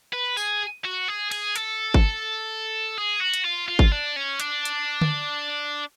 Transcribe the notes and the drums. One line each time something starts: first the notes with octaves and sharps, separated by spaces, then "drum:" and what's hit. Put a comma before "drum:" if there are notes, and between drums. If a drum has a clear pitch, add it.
B4
G#4, drum: tambourine
F#4
G#4
G#4, drum: cymbal
A4, drum: hi-hat
drum: kick G1
G#4
F#4
drum: hi-hat
F4
F4
drum: kick G1
D4
C#4
D4, drum: hi-hat
drum: hi-hat
drum: tom D3